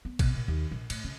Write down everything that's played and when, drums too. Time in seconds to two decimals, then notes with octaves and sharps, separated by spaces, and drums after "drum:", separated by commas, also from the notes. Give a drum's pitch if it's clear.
0.05 B3
0.19 B2, drum: kick, cymbal
0.35 A#2
0.48 D#2
0.71 A#1
0.90 A2, drum: cymbal
1.04 C#3